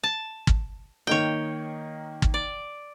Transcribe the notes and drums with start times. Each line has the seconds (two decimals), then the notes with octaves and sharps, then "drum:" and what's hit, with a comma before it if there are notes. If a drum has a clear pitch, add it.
0.03 A5
0.47 drum: kick
1.07 D#3 A#3 D#4 C#5 G5
2.22 drum: kick
2.34 D5